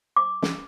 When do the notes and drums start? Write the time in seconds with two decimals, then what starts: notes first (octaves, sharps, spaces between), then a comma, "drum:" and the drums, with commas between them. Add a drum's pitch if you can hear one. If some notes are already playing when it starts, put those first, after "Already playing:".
0.16 D6
0.42 drum: snare